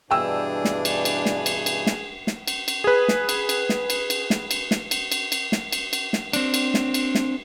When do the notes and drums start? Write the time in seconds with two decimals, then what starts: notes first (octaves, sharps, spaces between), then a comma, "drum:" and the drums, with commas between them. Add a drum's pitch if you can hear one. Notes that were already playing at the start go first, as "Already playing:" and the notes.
0.11 G2 B2 E3 D4 G#4 G5 E6
0.65 drum: snare
0.85 drum: cymbal
1.05 drum: cymbal
1.26 drum: snare
1.46 drum: cymbal
1.66 drum: cymbal
1.87 drum: snare
2.27 drum: snare
2.47 drum: cymbal
2.68 drum: cymbal
2.84 G#4 B4
3.08 drum: snare
3.29 drum: cymbal
3.49 drum: cymbal
3.69 drum: snare
3.90 drum: cymbal
4.10 drum: cymbal
4.30 drum: snare
4.51 drum: cymbal
4.71 drum: snare
4.91 drum: cymbal
5.12 drum: cymbal
5.32 drum: cymbal
5.52 drum: snare
5.72 drum: cymbal
5.93 drum: cymbal
6.13 drum: snare
6.33 C4 D4, drum: cymbal
6.54 drum: cymbal
6.74 drum: snare
6.94 drum: cymbal
7.15 drum: snare